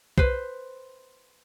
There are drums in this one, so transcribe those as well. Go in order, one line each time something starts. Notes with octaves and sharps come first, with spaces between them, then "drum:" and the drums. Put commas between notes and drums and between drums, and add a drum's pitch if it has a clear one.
B4 C5, drum: kick